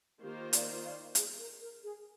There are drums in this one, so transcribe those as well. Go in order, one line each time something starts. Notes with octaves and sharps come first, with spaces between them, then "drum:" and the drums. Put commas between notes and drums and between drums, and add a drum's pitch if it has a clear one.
D#3 A#3 F4 G4 C5
D5 F5, drum: hi-hat
D5 F5
G#4, drum: hi-hat
A#4
A#4
G#4